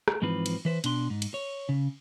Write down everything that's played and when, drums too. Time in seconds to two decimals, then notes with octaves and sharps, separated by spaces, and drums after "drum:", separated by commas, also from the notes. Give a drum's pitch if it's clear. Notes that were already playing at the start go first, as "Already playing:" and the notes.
0.08 drum: rim click
0.22 G#2 E3 F3 C4 B4
0.46 drum: cymbal
0.65 E3 B4 C5
0.84 B2 D4 C6, drum: cymbal
1.10 G#2
1.22 drum: cymbal
1.34 C#5
1.69 C#3